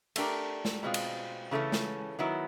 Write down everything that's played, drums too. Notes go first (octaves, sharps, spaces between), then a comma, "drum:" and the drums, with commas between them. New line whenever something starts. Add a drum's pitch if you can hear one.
A3 D4 G4 A#4, drum: cymbal
drum: snare
B2 G#3 C4 F4
drum: cymbal
C#3 E3 A3 C#4
drum: snare
D#3 F#3 B3 E4